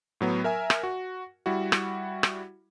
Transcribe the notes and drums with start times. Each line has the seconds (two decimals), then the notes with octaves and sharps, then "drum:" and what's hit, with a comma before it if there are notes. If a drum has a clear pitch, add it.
0.21 A2 F#3 B3
0.44 A#4 E5 G#5
0.70 drum: rim click
0.83 F#4
1.46 G3 E4 F#4
1.72 drum: rim click
2.23 drum: rim click